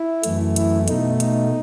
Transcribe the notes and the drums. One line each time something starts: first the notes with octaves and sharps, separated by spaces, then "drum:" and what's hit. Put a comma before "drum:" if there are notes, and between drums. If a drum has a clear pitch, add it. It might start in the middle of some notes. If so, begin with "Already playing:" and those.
Already playing: E4
F#2 E3 A3, drum: hi-hat
E4, drum: hi-hat
B2 A3 D#4, drum: hi-hat
D#4, drum: hi-hat